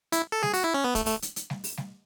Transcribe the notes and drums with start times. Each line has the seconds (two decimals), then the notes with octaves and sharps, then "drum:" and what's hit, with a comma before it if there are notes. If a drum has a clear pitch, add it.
0.12 E4, drum: hi-hat
0.32 A4
0.43 G#4, drum: snare G3
0.54 F#4, drum: open hi-hat
0.64 E4
0.74 C#4
0.84 B3
0.95 A3, drum: kick, hi-hat
1.06 A3, drum: open hi-hat
1.22 drum: hi-hat
1.36 drum: hi-hat
1.50 drum: snare G3
1.64 drum: open hi-hat
1.77 drum: snare G3